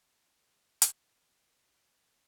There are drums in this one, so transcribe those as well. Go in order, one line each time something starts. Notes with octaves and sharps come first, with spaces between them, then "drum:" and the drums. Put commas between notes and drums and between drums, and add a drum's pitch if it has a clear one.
E3
C3
B2
drum: hi-hat
C3